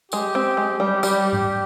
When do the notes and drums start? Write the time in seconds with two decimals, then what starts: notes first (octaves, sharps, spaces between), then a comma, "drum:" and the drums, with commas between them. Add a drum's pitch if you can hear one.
0.12 G#3 G4, drum: tambourine
0.35 C4
0.57 G#3
0.80 G3
1.03 G3, drum: tambourine
1.33 drum: tom G#2